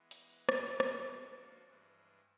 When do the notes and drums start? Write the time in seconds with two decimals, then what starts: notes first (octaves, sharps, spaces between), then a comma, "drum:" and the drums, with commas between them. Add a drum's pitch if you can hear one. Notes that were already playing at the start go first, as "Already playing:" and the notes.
Already playing: E3 G#3 B3
0.11 drum: hi-hat
0.49 F2 C#3 F#3 B3, drum: rim click
0.80 drum: rim click
1.06 F3 A#3 D4 F#4 A4
1.63 G2 E3 G#3